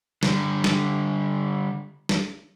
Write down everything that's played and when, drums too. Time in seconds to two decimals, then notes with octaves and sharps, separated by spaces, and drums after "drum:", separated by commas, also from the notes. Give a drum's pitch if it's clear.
0.23 D3 G3, drum: snare
0.64 drum: snare
2.09 drum: snare